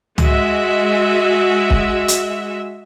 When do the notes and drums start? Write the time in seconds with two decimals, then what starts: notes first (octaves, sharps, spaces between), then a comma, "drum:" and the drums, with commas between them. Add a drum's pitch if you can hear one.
0.18 G#3 F#4 E5, drum: tom
1.70 drum: kick
2.08 drum: hi-hat